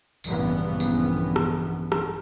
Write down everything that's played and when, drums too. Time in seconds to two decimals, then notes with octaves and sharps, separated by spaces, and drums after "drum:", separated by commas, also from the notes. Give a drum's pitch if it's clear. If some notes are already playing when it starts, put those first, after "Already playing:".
0.24 A#1 G2 C#3 E3 B3, drum: tambourine
0.80 drum: tambourine
1.36 drum: rim click
1.92 drum: rim click